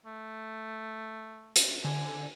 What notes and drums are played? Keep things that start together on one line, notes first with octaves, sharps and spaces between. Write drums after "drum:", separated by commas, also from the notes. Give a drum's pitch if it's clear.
A3
drum: hi-hat
D3 G#5